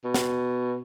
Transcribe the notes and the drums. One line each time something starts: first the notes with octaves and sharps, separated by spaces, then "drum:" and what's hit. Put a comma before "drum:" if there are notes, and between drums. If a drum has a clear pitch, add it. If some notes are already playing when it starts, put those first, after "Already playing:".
B2
drum: snare